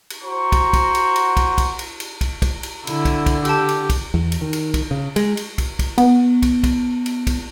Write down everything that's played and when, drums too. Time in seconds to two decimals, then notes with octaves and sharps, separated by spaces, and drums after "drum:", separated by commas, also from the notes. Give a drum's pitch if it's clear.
0.10 drum: cymbal
0.23 F#4 C5 A#5 C#6
0.52 drum: kick, cymbal
0.73 drum: kick, cymbal
0.95 drum: cymbal
1.16 drum: cymbal
1.37 drum: kick, cymbal
1.58 drum: kick, cymbal
1.79 drum: cymbal
2.00 drum: cymbal
2.21 drum: kick, cymbal
2.42 drum: kick, cymbal
2.63 drum: cymbal
2.87 D3 E4, drum: cymbal
3.05 drum: kick, cymbal
3.26 drum: kick, cymbal
3.45 G4 A5 E6, drum: cymbal
3.68 drum: cymbal
3.90 drum: kick, cymbal
4.14 E2
4.32 drum: cymbal
4.41 D#3
4.53 drum: cymbal
4.74 drum: kick, cymbal
4.91 C#3
5.16 G#3, drum: cymbal
5.37 drum: cymbal
5.58 drum: kick, cymbal
5.79 drum: kick, cymbal
5.98 B3, drum: cymbal
6.42 drum: kick, cymbal
6.64 drum: kick, cymbal
7.06 drum: cymbal
7.27 drum: kick, cymbal